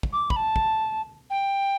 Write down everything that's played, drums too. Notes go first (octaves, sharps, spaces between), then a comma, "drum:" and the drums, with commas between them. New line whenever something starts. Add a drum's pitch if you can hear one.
drum: kick
D6
B5, drum: kick
A5
drum: kick
G5